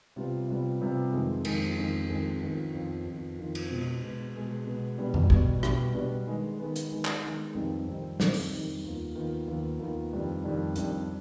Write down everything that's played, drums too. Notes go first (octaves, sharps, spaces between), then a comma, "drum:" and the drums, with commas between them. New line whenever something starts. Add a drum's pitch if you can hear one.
C3 G3 B3 F4
C3 G3 B3 F4
C3 G3 B3 F4
F2 D#3 G#3
F2 D#3 G#3, drum: cymbal
F2 D#3 G#3
F2 D#3 G#3
F2 D#3 B3 F4
F2 D#3 B3 F4
F2 D#3 B3 F4
F2 D#3 B3 F4
drum: cymbal
B2 G#3 B3
B2 G#3 B3
B2 G#3 B3
B2 G#3 B3
B2 G3 B3 D4
drum: tom F2
B2 G3 B3 D4, drum: kick
B2 G3 B3 D4, drum: rim click
B2 G3 B3 D4
D#3 G#3 B3
D#3 G#3 B3
drum: hi-hat
D#3 G#3 B3
drum: clap
D#3 G#3 B3
F2 D#3 G3 C4 D#4
F2 D#3 G3 C4 D#4
F2 D#3 G3 C4 D#4, drum: snare
drum: open hi-hat
F2 D#3 G3 C4 D#4
D#2 D#3 B3 F4
D#2 D#3 B3 F4
D#2 D#3 B3 F4
D#2 D#3 B3 F4
F2 D#3 G3 D4
F2 D#3 G3 D4
F2 D#3 G3 D4, drum: hi-hat